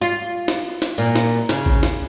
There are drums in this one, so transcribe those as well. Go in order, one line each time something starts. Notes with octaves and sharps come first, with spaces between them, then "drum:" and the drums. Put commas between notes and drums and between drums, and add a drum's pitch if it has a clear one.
F4
drum: snare
drum: snare
A#2
drum: snare
C#3, drum: snare
drum: kick A1
drum: snare